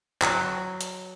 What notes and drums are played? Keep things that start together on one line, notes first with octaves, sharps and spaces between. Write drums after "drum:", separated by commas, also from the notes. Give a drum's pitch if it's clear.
F#3, drum: clap
drum: hi-hat